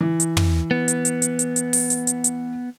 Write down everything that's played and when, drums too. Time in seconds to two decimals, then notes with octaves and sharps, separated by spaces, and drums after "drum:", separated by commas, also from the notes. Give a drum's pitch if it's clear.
0.01 E3
0.20 drum: hi-hat
0.37 drum: tom
0.71 B3
0.88 drum: hi-hat
1.05 drum: hi-hat
1.22 drum: hi-hat
1.39 drum: hi-hat
1.56 drum: hi-hat
1.73 drum: open hi-hat
1.90 drum: hi-hat
2.07 drum: hi-hat
2.24 drum: hi-hat